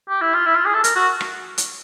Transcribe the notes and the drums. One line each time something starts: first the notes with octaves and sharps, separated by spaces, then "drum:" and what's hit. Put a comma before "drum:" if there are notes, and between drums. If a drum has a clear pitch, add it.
G4
E4
F4
E4
F4
G#4
A4
A#4, drum: hi-hat
F#4
drum: rim click
drum: hi-hat